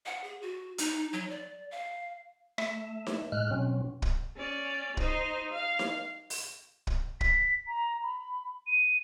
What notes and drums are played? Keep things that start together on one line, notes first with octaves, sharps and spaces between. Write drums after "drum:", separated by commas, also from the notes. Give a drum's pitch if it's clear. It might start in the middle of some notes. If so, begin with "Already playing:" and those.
F#5
G#4
F#4
D#4, drum: hi-hat
F#3
D5
F5
A3 E5, drum: rim click
drum: snare D#4
A2 G#3 F6 F#6
B2 F#3 C4 C#4
drum: kick
C#4 D5
D#4 C5, drum: kick
F5
drum: snare D#4
drum: open hi-hat
drum: kick
B6, drum: kick
A#5
B5
D#7